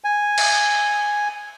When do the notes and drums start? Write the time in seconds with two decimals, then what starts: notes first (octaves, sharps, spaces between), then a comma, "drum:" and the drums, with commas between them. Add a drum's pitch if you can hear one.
0.04 G#5
0.38 drum: cymbal